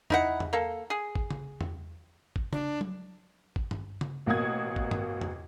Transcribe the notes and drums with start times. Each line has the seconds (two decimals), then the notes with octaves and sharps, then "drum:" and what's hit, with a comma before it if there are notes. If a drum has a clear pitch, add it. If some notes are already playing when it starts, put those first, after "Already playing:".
0.10 D#4 E4 F#5, drum: tom E2
0.40 drum: tom E2
0.53 A#3 A4
0.90 G#4
1.15 drum: kick G#1
1.31 drum: tom C#3
1.61 drum: tom E2
2.36 drum: kick G#1
2.53 D4, drum: tom C#3
2.81 drum: tom F#3
3.56 drum: kick G#1
3.71 drum: tom G2
4.01 drum: tom C#3
4.26 A1 B2 A#3 F#4 D#6 G#6
4.76 drum: kick G#1
4.91 drum: tom G2
5.21 drum: tom E2